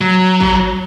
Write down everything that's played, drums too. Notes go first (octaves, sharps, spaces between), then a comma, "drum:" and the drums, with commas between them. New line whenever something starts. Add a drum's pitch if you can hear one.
F#3
drum: kick